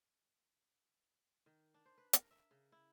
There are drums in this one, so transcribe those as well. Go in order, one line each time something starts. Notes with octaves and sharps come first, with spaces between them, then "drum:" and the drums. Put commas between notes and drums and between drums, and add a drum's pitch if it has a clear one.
D#3
D4
C5
B4
A#4, drum: hi-hat
E5
C#3
E4